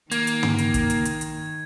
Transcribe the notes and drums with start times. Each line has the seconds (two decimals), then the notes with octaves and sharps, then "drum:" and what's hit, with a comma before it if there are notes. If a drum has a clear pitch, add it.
0.11 D#3 A#3 G#6, drum: hi-hat
0.27 drum: hi-hat
0.43 drum: tom
0.58 drum: hi-hat
0.74 drum: kick, hi-hat
0.90 drum: hi-hat
1.05 drum: hi-hat
1.21 drum: hi-hat